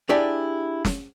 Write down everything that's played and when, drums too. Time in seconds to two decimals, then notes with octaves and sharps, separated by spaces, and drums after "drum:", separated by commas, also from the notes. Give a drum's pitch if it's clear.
0.09 D4 E4 G4 G#4 D5
0.85 drum: snare